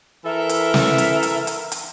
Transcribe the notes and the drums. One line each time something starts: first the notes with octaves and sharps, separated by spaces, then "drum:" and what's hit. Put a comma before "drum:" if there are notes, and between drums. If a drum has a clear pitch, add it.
E3 A4 A#4 E5
drum: hi-hat
drum: snare
drum: hi-hat
drum: hi-hat
drum: hi-hat
drum: hi-hat